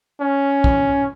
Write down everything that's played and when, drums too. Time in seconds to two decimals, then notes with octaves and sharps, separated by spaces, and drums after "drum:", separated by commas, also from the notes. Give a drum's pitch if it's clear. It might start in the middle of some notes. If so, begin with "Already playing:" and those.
0.20 C#4
0.64 drum: kick